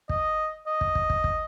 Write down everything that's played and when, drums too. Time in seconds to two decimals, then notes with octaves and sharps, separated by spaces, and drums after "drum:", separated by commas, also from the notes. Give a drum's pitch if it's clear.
0.09 D#5, drum: kick
0.67 D#5
0.81 drum: kick
0.95 drum: kick
1.10 drum: kick
1.24 drum: kick